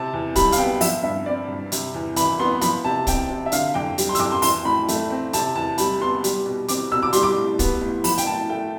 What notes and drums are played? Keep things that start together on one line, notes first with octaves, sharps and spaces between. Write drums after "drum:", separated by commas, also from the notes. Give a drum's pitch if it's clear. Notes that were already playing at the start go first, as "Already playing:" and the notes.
Already playing: C3 A5
E2
G3 B5, drum: kick, hi-hat
F5, drum: hi-hat
B3 G5
F3 E5, drum: open hi-hat
G2 E5
C4 D5
G2
C3, drum: hi-hat
E2
E3 B5, drum: hi-hat
B3 C6
F3 B5, drum: hi-hat
C3 A5
C4 G5, drum: kick, hi-hat
C3
E5
D3 F5, drum: hi-hat
F5
F2 G5
G3, drum: hi-hat
C6
E6, drum: hi-hat
F2 D6
C6
E3 C6, drum: open hi-hat
A2 B5
A3, drum: hi-hat
C4
C3 A5, drum: hi-hat
E2 A5
G3 B5, drum: hi-hat
B3 C6
G3, drum: hi-hat
B2
C4 D6, drum: hi-hat
B2 E6
D6
G3 C6, drum: hi-hat
D6
A2
B3, drum: kick, hi-hat
A2
F3 B5, drum: open hi-hat
G5, drum: hi-hat
A2 A5
A3 G5